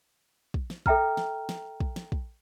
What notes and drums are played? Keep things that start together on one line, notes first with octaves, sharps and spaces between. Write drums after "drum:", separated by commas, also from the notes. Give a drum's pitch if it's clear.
drum: kick
drum: snare
A4 E5 G5 A#5 F6, drum: kick
drum: snare
drum: snare
drum: kick
drum: snare
drum: kick